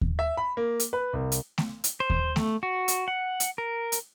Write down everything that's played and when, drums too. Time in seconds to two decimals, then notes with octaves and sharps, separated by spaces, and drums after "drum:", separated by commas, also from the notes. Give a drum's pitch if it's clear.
0.01 drum: kick D#2
0.19 E5
0.37 B5
0.57 A#3
0.80 drum: hi-hat
0.93 B4
1.13 C2
1.32 drum: hi-hat
1.58 drum: snare A3
1.84 drum: hi-hat
2.00 C5
2.10 drum: kick D#2
2.36 A3, drum: snare A3
2.63 F#4
2.88 drum: hi-hat
3.08 F#5
3.40 drum: hi-hat
3.58 A#4
3.92 drum: hi-hat